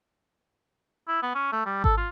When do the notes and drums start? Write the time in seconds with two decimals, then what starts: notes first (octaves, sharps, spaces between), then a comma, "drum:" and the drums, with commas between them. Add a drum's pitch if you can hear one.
1.08 E4
1.23 B3
1.35 C#4
1.53 A3
1.66 G3
1.84 A4, drum: kick G#1
1.98 F4